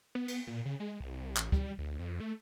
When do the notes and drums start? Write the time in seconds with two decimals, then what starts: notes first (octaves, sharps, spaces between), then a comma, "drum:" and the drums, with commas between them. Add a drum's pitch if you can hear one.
0.15 B3
0.28 B3, drum: cymbal
0.47 A#2
0.65 C#3
0.80 G#3
1.00 C2
1.37 A1, drum: clap
1.52 G3, drum: kick C#2
1.78 D2
1.99 F2
2.20 A3